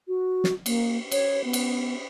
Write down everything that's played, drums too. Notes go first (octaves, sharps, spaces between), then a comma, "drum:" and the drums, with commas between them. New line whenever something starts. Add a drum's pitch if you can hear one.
F#4
drum: snare
A#3, drum: cymbal
C#5, drum: cymbal
B3
drum: cymbal